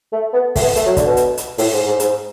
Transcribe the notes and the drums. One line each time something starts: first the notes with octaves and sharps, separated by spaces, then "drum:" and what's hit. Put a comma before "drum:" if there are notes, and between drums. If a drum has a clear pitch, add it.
A3
B3
A3, drum: kick, open hi-hat
B3
A3, drum: hi-hat
F#3
D3, drum: kick, hi-hat
B2
drum: hi-hat
drum: hi-hat
A2, drum: open hi-hat
G#2
G#2
G#2, drum: hi-hat